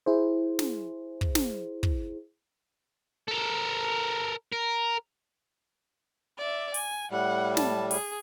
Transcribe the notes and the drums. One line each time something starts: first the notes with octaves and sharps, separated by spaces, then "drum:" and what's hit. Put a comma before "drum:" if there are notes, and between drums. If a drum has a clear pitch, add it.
E4 G#4 C5
drum: snare
drum: kick
drum: snare
drum: kick
A4 A#4
A#4
D5 E5
G#5, drum: open hi-hat
A2 G3 F#5
A5, drum: snare
G#4, drum: open hi-hat